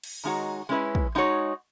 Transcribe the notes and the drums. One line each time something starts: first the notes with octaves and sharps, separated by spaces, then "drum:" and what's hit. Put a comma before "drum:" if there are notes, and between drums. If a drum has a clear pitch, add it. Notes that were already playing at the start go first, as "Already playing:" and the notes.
drum: cymbal
D#3 G#3 D#4 F#4 C#5
G#3 C#4 E4 B4 D#5
drum: kick
G#3 D#4 F#4 C#5